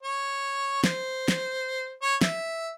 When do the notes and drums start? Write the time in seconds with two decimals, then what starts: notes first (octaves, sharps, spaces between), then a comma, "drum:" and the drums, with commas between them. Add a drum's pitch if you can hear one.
0.03 C#5
0.84 C5, drum: snare
1.28 drum: snare
2.02 C#5
2.21 E5, drum: snare